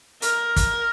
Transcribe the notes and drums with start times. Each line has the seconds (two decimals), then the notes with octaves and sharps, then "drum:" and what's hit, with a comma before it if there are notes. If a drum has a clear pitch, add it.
0.22 A#4, drum: hi-hat
0.56 drum: kick, hi-hat